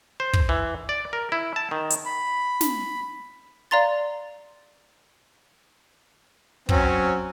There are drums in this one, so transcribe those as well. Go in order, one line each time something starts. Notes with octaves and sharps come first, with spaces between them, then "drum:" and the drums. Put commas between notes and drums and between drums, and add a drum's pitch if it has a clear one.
C5
drum: kick
E3
D5
A#4
E4
A5
D#3
drum: hi-hat
B5
drum: snare
D5 F5 A#5 C6 A6
F#3 C4 C#4, drum: kick